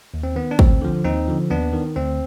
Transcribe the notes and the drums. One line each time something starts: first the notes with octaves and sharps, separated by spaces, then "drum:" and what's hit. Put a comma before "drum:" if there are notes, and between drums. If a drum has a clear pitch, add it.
D#2
C4
D#3 B3
D4
D2 C4, drum: kick
D3 F3
D#2 C4 D#4
D3 F3
D#2 B3 D4
D#3
D2 C4